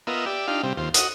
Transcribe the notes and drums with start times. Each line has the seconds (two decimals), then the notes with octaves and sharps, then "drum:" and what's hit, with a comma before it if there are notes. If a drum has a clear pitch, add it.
0.07 B3 F4 A#4 D#5 E5
0.26 G4 D5 E5
0.48 D4 D#4 F4 G4 F5
0.63 C3 G3 C4
0.77 D#2 F4 C5
0.94 F#4 D#5 D#6, drum: hi-hat